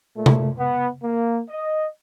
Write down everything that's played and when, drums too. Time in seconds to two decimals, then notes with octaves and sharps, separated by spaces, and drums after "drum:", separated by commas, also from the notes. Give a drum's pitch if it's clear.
0.16 A#2 A3
0.26 drum: tom C3
0.58 B3
1.03 A#3
1.49 D#5